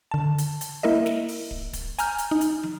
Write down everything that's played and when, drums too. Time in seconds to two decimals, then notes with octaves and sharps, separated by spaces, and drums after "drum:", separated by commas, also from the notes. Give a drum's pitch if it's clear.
0.11 D3 A5
0.38 drum: hi-hat
0.61 drum: hi-hat
0.83 A#3 E4 A#4 D#5 E5
1.06 drum: snare
1.28 drum: open hi-hat
1.51 drum: kick
1.73 drum: kick, hi-hat
1.99 G#5 A#5 F6 G6, drum: hi-hat
2.18 drum: hi-hat
2.31 D#4
2.41 drum: hi-hat
2.63 drum: tom